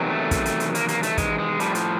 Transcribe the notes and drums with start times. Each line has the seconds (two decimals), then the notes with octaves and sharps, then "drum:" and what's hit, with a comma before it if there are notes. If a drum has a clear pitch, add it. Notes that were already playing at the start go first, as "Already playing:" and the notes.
Already playing: E2 C3 D#3 F#3
0.10 A3
0.31 drum: kick, hi-hat
0.45 drum: hi-hat
0.60 drum: hi-hat
0.75 A#3, drum: hi-hat
0.88 A#3, drum: hi-hat
1.03 A3, drum: hi-hat
1.18 G#3, drum: kick, hi-hat
1.39 G#3
1.60 A2 F3 G3, drum: hi-hat
1.75 drum: hi-hat